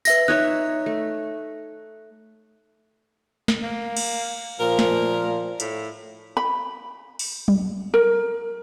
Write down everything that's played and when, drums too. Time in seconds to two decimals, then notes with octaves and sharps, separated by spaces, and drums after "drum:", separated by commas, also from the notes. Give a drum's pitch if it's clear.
0.05 B4 E5 A#6, drum: tambourine
0.28 D#4 C#5 E5 F#6
0.86 A3
3.48 drum: snare
3.62 A#3
3.97 drum: cymbal
4.60 A#2 F3 A#4
4.79 drum: snare
5.60 A2, drum: hi-hat
6.37 B5
7.19 drum: open hi-hat
7.48 drum: tom F#3
7.94 A#4